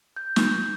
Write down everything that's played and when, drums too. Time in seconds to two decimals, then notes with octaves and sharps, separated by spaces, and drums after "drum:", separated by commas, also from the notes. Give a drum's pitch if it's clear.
0.16 G6
0.36 drum: snare